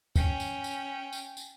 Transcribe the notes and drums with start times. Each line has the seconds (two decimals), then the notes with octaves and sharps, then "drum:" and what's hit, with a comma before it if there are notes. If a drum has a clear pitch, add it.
0.16 C#4 G5, drum: kick, tambourine
0.40 drum: tambourine
0.64 drum: tambourine
1.13 drum: tambourine
1.37 drum: tambourine